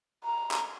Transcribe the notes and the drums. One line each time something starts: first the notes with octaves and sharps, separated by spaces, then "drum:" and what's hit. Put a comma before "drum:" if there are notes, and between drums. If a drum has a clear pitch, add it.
A#5
drum: clap